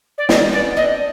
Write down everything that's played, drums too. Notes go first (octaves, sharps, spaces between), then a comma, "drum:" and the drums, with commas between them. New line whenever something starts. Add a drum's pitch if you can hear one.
D5
C4 D4 D#5, drum: snare
B3 C#4 D5
C4 D4 D#5